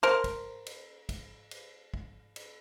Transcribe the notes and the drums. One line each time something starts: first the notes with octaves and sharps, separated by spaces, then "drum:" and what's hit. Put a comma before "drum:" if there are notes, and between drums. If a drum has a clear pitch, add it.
A#4 C5
drum: kick, cymbal
drum: cymbal
drum: kick, cymbal
drum: cymbal
drum: kick
drum: cymbal